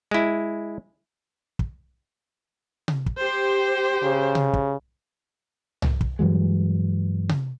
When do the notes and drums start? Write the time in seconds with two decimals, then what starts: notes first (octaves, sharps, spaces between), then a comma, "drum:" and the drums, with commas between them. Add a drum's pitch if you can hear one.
0.11 G#3 E4
1.59 drum: kick
2.88 drum: tom C3
3.06 drum: kick
3.18 G4 C5
4.03 C#3
4.35 drum: tom C3
4.53 drum: kick
5.82 drum: tom C2
6.01 drum: kick
6.19 G2 E3 F#3 G#3
7.29 drum: tom C3